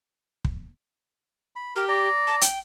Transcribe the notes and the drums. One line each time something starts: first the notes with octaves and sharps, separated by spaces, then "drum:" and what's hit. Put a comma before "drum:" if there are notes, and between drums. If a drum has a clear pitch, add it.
drum: kick
B5
G4 A#4
D5 A#5
A5
G5, drum: hi-hat